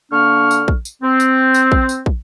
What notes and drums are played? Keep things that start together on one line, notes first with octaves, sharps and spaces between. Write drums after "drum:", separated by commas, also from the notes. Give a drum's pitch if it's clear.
D3 A#3 D4 C#6 F6
drum: tambourine
drum: kick
drum: tambourine
C4
drum: tambourine
drum: tambourine
drum: kick
drum: tambourine
drum: kick